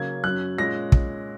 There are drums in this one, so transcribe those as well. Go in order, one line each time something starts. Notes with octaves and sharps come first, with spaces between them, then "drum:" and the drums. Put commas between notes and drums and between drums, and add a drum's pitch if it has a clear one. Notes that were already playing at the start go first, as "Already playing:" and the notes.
Already playing: C#3 F#3 A#3 C#4 G#6
F#2 F#3 C#4 F#6
A#2 G#3 C#4 A#6
drum: kick